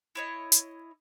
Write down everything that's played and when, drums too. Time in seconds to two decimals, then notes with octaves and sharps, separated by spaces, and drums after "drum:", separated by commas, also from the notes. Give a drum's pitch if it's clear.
0.15 E4 C#5 D#5
0.52 drum: hi-hat